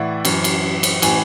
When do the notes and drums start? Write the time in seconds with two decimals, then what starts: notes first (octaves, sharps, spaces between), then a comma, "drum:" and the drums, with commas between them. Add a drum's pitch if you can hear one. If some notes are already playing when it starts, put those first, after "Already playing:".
Already playing: A2 E3 D5 E5 F#5
0.25 F#2 E3, drum: cymbal
0.44 drum: cymbal
0.83 drum: cymbal
1.02 A2 E3 G#5, drum: cymbal